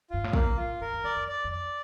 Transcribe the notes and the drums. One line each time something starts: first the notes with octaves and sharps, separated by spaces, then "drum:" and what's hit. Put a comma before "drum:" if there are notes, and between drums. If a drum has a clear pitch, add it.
G2 F4
A2
A#2 A#3, drum: kick
C#3
F4
A2
G2 A#4
E2
F2 D5
F2
D5
F2
D5